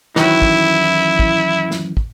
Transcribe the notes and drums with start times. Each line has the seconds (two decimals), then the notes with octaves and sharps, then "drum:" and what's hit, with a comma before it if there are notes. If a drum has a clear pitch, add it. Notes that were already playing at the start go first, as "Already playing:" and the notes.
0.16 F#2 D#3 E3 E4, drum: snare
0.42 drum: kick
1.19 drum: kick
1.71 drum: snare
1.97 drum: kick